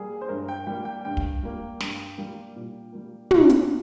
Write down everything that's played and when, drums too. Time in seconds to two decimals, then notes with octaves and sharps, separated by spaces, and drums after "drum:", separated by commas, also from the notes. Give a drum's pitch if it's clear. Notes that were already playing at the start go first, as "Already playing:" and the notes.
Already playing: G3 A#3 G#4
0.21 C5
0.29 G2 A#4
0.49 G5
0.67 G3 A#3 G5
0.85 G5
1.05 G2 G5
1.17 drum: kick
1.43 G3 A#3
1.81 G2, drum: snare
2.18 G3 A#3
2.56 A#2
2.93 G3 A#3
3.31 A#2, drum: tom
3.49 drum: hi-hat